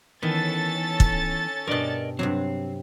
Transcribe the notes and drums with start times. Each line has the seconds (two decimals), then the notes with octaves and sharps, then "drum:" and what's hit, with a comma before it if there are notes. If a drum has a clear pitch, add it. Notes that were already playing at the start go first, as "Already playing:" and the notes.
0.23 D#3 E3 B3 C#4 A4 A6
1.00 drum: kick
1.67 G2 B2 A#4 D5 D#5
2.19 G2 C3 F#3 C4